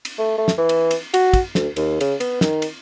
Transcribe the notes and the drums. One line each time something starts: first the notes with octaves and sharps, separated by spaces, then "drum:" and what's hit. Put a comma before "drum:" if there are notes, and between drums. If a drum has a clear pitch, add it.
drum: cymbal
A3
A3
drum: snare
E3
drum: cymbal
drum: cymbal
F#4, drum: cymbal
drum: kick, cymbal
D2, drum: snare
D#2, drum: cymbal
C#3, drum: cymbal
B3, drum: cymbal
D#3, drum: snare
drum: cymbal